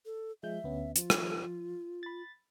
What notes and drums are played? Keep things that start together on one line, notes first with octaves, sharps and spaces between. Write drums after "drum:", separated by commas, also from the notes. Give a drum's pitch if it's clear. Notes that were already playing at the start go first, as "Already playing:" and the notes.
A4
F3 G#3 E5 G6
D2 B3 C#4
F3 F4, drum: hi-hat
drum: rim click
B5 A6